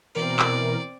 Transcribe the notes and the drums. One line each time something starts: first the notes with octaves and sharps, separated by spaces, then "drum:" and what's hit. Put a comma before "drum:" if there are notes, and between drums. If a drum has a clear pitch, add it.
B2 E3 C4 A#4 D5
drum: clap